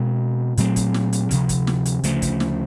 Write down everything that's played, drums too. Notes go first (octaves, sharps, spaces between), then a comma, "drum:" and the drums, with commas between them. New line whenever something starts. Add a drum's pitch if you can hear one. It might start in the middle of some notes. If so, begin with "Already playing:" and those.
Already playing: B2 G#3 C4
A#2 F#3 A3 C4, drum: hi-hat
drum: kick, hi-hat
drum: snare
drum: hi-hat
D2 C3 F3, drum: hi-hat
drum: kick, hi-hat
drum: snare
drum: hi-hat
D2 C#3 F3 A3, drum: hi-hat
drum: kick, hi-hat
drum: snare